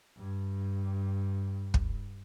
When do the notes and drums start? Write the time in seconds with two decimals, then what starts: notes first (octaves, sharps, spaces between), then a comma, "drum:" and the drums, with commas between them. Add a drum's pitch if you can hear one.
0.18 G2
1.74 drum: kick